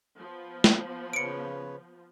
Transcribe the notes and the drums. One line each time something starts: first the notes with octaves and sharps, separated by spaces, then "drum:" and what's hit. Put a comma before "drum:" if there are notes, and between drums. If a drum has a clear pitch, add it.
F3 B3
drum: snare
C#3 B4 C#5 C#7 D7